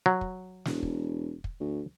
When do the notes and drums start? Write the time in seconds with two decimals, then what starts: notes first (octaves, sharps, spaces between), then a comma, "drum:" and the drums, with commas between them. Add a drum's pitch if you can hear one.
0.06 F#3
0.21 drum: kick
0.65 E1, drum: snare
0.83 drum: kick
1.44 drum: kick
1.60 D2